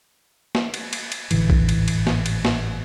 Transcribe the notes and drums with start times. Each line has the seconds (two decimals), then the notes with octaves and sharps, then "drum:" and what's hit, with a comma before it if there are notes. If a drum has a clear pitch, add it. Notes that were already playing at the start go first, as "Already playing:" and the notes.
0.55 drum: snare
0.74 drum: cymbal
0.93 drum: cymbal
1.12 drum: cymbal
1.31 G#1 A2 D3 E3, drum: cymbal
1.50 drum: kick A#1
1.69 drum: cymbal
1.88 drum: cymbal
2.07 drum: snare
2.26 drum: cymbal
2.45 drum: snare